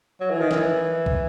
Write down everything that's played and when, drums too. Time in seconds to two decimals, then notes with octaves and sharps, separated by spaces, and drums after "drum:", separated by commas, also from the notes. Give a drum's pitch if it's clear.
0.20 F#3
0.30 E3
0.40 D#3
0.51 E3, drum: snare
1.06 drum: kick